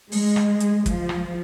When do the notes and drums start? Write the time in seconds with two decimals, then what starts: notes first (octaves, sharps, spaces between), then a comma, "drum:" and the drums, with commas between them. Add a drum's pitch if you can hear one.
0.12 G#3, drum: open hi-hat
0.36 drum: rim click
0.60 drum: hi-hat
0.86 F3, drum: kick, hi-hat
1.09 drum: rim click